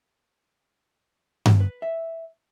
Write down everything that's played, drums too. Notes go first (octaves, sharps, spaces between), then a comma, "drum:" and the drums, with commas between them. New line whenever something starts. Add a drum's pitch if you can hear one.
drum: tom G2
B4
E5